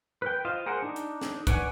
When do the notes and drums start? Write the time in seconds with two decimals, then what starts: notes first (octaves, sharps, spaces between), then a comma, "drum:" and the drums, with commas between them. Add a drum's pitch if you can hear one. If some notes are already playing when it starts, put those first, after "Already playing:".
0.22 B4 G5
0.45 F4 C5 D#5 F5
0.66 G#4 A#4 C5 F#5
0.82 D4 D#4
0.96 drum: hi-hat
1.21 drum: snare
1.47 B4 C#5 D5 F#5 G#5, drum: kick, hi-hat